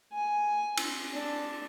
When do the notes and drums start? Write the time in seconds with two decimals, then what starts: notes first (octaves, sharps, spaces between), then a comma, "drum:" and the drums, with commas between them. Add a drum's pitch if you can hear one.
0.13 G#5
0.77 drum: cymbal
1.14 D4